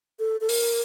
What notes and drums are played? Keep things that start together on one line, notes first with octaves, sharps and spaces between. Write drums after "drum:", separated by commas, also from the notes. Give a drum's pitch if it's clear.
A4
A4
A#4, drum: open hi-hat